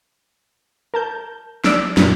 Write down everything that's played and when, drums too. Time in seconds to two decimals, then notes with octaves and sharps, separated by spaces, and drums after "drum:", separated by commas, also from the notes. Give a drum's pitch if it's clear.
0.94 A#4 A5 G6
1.64 D5 E6 D7, drum: snare
1.97 F#2 A#2, drum: snare